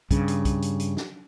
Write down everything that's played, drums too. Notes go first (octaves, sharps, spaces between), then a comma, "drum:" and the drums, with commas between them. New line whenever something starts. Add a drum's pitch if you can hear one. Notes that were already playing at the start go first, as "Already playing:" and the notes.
G2 C#3, drum: kick B1, hi-hat
drum: hi-hat
drum: kick B1, hi-hat
drum: hi-hat
drum: hi-hat
drum: snare